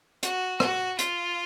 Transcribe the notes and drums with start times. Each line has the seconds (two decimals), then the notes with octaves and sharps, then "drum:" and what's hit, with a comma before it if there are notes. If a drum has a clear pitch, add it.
0.23 F#4, drum: hi-hat
0.60 F#4, drum: rim click
0.99 F4, drum: hi-hat